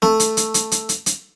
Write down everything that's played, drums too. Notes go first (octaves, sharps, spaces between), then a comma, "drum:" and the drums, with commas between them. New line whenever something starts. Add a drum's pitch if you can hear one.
A3, drum: snare
drum: hi-hat
drum: hi-hat
drum: hi-hat
drum: hi-hat
drum: hi-hat
drum: hi-hat